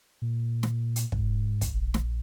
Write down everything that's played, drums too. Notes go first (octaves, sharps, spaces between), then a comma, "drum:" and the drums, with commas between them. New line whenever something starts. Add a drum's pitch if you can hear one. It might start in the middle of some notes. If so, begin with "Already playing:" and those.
A#2
drum: snare
drum: hi-hat
G#2, drum: kick
drum: kick, hi-hat
A#1
drum: snare